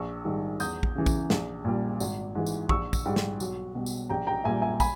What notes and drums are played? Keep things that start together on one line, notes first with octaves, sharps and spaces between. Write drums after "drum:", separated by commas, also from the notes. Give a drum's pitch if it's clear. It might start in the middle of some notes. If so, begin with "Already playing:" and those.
Already playing: A#1 C#6 E6
G#2 D#3 G3
E2 D#6 G6, drum: tambourine
drum: kick
C#3 E3
drum: kick, tambourine
A#1, drum: snare
A#2 G3
G#1, drum: tambourine
G#2 E3
drum: tambourine
A#1 C#6 E6, drum: kick
drum: kick, tambourine
G#2 G3
drum: snare
B1, drum: tambourine
B2 G3
drum: tambourine
A#1 G5 A#5
G5 A#5
A#2 G3 E5 G#5
E5 G#5
G#5 B5, drum: kick, tambourine